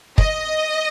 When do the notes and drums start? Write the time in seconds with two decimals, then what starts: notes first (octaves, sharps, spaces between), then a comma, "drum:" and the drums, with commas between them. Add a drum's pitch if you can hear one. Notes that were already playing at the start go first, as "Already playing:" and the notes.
0.18 D#5, drum: kick